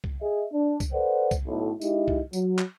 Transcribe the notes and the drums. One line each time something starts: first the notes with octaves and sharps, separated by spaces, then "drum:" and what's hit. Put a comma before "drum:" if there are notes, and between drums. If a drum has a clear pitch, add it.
drum: kick C2
G#4 D#5 E5
D4
drum: kick C2, tambourine
A4 B4 C5 D5 F#5
drum: kick C2, tambourine
B1 A2
G#3 D#4 E4 G4 D#5, drum: tambourine
drum: kick C2
F#3, drum: tambourine
drum: clap